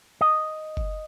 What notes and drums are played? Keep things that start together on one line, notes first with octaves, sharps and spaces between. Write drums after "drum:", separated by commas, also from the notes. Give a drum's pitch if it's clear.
D#5
drum: kick F#1